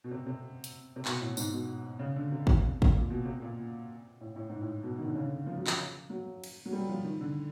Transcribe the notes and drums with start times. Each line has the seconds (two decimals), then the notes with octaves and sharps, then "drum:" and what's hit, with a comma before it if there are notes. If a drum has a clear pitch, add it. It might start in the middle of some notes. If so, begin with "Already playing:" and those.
0.04 B2
0.11 C3
0.26 C3
0.64 drum: hi-hat
0.96 C3
1.05 B2, drum: clap
1.21 A2
1.37 G#2, drum: tambourine
1.52 B2
1.99 C#3
2.16 D3
2.32 C3
2.47 B2, drum: kick G#1
2.82 drum: kick G#1
2.94 A#2
3.10 B2
3.25 C3
3.42 A#2
4.21 A2
4.36 A2
4.49 G#2
4.61 A2
4.83 B2
4.99 D#3
5.07 D3
5.15 C#3
5.23 D3
5.46 F3
5.57 F#3
5.67 F3, drum: clap
6.10 F#3
6.44 drum: cymbal
6.66 F#3
6.72 G3
6.89 F3
7.04 D#3
7.21 D3